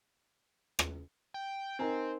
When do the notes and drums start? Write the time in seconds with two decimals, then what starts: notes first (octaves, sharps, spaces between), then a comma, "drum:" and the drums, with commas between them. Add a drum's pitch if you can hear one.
0.79 drum: rim click
1.34 G5
1.79 C4 D#4 A#4 G#5